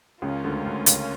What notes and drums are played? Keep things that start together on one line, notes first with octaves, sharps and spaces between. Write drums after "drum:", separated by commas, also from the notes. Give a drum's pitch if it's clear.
C#2 C#3 G#3 C#4 F4 A#4
D2 D3
D2 D3
C#2 C#3, drum: hi-hat